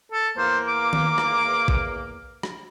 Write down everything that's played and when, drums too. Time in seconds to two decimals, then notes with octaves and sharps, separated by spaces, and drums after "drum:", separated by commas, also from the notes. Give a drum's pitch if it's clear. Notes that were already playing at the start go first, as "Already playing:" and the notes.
0.12 A4
0.37 E2 A#3 C5
0.68 D6
0.93 drum: tom D#3
1.18 drum: rim click
1.68 drum: kick
2.43 drum: rim click